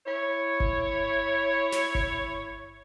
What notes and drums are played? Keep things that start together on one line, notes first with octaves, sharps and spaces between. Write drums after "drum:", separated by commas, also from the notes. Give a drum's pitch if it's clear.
E4 C#5
drum: kick G1
drum: snare
drum: kick G1